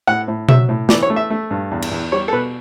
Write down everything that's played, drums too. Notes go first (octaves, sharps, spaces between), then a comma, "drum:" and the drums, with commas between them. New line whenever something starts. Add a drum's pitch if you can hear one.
A2 F#5
A2
F#3 E5, drum: tom B2
A2
E3 D5, drum: snare
C#5
A3
E5
A3
G2
E2
drum: cymbal
E2
G3 C#5
A4
B2 B4